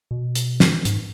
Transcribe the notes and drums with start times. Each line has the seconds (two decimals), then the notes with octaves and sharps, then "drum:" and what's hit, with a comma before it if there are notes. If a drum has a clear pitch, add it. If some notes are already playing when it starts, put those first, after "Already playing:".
0.11 B2
0.35 drum: hi-hat
0.60 drum: snare
0.85 G#2, drum: hi-hat